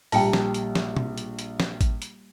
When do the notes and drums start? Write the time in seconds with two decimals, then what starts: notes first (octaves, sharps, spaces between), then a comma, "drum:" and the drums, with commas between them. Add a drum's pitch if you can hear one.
0.12 A#1 G3 A#3 G4 G5 A5, drum: open hi-hat
0.33 drum: snare
0.54 drum: hi-hat
0.75 drum: snare
0.97 drum: tom
1.18 drum: hi-hat
1.39 drum: hi-hat
1.60 drum: snare
1.81 drum: kick A1, hi-hat
2.02 drum: hi-hat